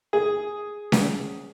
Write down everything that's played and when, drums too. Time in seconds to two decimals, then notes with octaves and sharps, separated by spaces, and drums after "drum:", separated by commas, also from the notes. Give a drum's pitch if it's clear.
0.13 G#4
0.92 drum: snare C#4